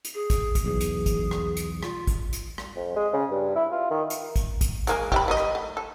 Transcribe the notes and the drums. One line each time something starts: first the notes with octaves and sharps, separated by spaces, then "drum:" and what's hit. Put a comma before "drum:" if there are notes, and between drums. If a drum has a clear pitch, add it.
drum: hi-hat
G#4
drum: kick, hi-hat
drum: kick, hi-hat
B1 E2 G#4
drum: hi-hat
drum: kick, hi-hat
drum: rim click
drum: hi-hat
F4, drum: rim click
drum: kick, hi-hat
drum: hi-hat
drum: rim click
F2
G#3
C#3
G2
E4
F4
D#3
drum: hi-hat
drum: kick, hi-hat
drum: kick, hi-hat
G#3 A#3 G#4, drum: hi-hat
G4 E5 B5, drum: kick
G3 B4 D#5
drum: rim click
A3
A4